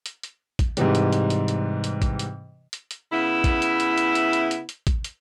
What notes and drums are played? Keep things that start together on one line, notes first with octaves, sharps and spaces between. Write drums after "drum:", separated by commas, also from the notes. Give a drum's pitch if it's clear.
drum: hi-hat
drum: hi-hat
drum: kick A1, hi-hat
G#2 C3 E3 G3, drum: hi-hat
drum: hi-hat
drum: hi-hat
drum: hi-hat
drum: hi-hat
drum: hi-hat
drum: kick A1, hi-hat
drum: hi-hat
drum: hi-hat
drum: hi-hat
C#3 B3 E4
drum: kick A1, hi-hat
drum: hi-hat
drum: hi-hat
drum: hi-hat
drum: hi-hat
drum: hi-hat
drum: hi-hat
drum: hi-hat
drum: kick A1, hi-hat
drum: hi-hat